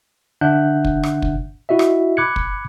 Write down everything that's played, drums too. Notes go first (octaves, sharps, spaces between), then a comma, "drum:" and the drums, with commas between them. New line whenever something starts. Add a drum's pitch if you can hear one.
D3 D4 E5 F#5 F#6 G6
drum: kick
drum: rim click
drum: kick
E4 F#4 D#5 E5
drum: rim click
B5 D6 F#6 G#6 C#7
drum: kick